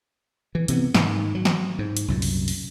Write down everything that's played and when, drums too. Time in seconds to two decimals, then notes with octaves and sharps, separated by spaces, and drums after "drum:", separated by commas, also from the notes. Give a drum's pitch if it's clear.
0.55 E3
0.68 C3 E3 F#3 B3, drum: hi-hat
0.94 G#2 D#3 G#3, drum: snare
1.35 F#3
1.45 drum: snare
1.79 G#2
1.97 drum: hi-hat
2.08 C2 F#2 A#2
2.22 drum: open hi-hat
2.48 drum: open hi-hat